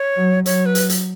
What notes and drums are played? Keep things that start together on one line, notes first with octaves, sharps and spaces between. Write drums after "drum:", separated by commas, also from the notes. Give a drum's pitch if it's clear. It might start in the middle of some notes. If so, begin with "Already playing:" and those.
Already playing: C#5
F#3
F#3 C#5, drum: hi-hat
B4
drum: hi-hat
drum: hi-hat